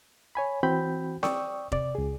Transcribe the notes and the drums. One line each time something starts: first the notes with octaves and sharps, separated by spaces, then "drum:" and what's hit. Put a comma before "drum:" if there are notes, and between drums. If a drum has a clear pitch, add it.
C#5 G#5 B5
E3 C4 F#4 G5 B5 G6
D5 G5 C#6 D#6 E6, drum: snare C4
C3 D5, drum: kick F1
C#2 G#4